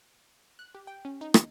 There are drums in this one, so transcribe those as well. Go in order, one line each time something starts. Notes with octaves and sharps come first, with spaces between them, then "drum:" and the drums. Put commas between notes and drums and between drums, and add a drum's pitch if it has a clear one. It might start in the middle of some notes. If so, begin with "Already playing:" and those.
F#6
G4
G5
C#4
D#4
D#2, drum: rim click